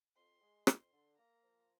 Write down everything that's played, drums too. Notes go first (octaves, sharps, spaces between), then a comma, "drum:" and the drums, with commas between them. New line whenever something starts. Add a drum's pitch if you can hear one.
F2 C6
G#3
F2 C6, drum: rim click
D3
A#3 A#5
F3